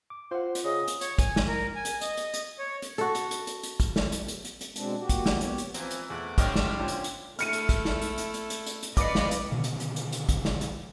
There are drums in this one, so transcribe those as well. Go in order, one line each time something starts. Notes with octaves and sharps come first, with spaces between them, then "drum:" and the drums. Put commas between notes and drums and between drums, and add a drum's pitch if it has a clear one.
D6
F4 C5 F#5
drum: hi-hat
C#3 D#5
drum: hi-hat
C#5, drum: hi-hat
G#5, drum: kick, hi-hat
drum: snare
A#4
G#5
drum: hi-hat
D#5, drum: hi-hat
drum: hi-hat
drum: hi-hat
C#5
drum: hi-hat
F#4 A4, drum: hi-hat
drum: hi-hat
drum: hi-hat
drum: hi-hat
drum: hi-hat
drum: kick, hi-hat
drum: snare
drum: hi-hat
drum: hi-hat
drum: hi-hat
drum: hi-hat
B2 G#3 C4 D4, drum: hi-hat
A#2 F#4 G4
drum: kick, hi-hat
drum: snare
B3 G4 C#5, drum: hi-hat
drum: hi-hat
E3 F3 C4 F4 A#5, drum: hi-hat
drum: hi-hat
E2 A3 F#5 D6
G3 A#3 C4 D4 C#5 D#5 F6, drum: kick, hi-hat
drum: snare
A#2 D3 C#4 C5
drum: hi-hat
drum: hi-hat
A3 E4 F6 C#7 D#7, drum: hi-hat
drum: hi-hat
drum: kick, hi-hat
drum: snare
drum: hi-hat
drum: hi-hat
drum: hi-hat
drum: hi-hat
drum: hi-hat
drum: hi-hat
B4 D5 D#5 F5 D6 C#7, drum: kick, hi-hat
drum: snare
drum: hi-hat
B2 D3 D#3
drum: hi-hat
drum: hi-hat
drum: hi-hat
drum: hi-hat
drum: kick, hi-hat
drum: snare
drum: hi-hat